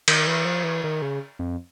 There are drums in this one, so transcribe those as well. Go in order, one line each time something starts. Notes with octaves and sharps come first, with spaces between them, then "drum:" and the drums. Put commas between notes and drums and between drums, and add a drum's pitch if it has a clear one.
D#3, drum: cymbal
E3
F3
E3
D#3
C#3
F2